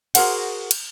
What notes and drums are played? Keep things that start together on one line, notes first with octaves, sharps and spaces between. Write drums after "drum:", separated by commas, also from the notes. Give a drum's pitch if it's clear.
F#4 G#4 A#4 C5 F#5, drum: cymbal
drum: cymbal